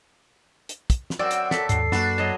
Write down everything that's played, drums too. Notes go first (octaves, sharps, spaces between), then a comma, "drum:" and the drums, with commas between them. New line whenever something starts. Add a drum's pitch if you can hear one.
drum: hi-hat
drum: kick, hi-hat
drum: snare
F#2 C4 F#4 D5 E6
drum: hi-hat
A4 B6, drum: snare
D#2 G#2 C7, drum: hi-hat
F#2 A#3 D4 F#4 B4, drum: snare
F#3 D#5 A5